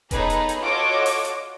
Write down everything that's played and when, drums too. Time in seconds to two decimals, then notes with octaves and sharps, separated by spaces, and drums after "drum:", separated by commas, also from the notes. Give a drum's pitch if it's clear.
0.11 B3 D#4 G#4 A4 B4 C#5, drum: kick E1, hi-hat
0.30 drum: hi-hat
0.49 drum: hi-hat
0.61 F4 F#4 A4 C#5 D#5 D6
1.06 drum: open hi-hat
1.25 drum: hi-hat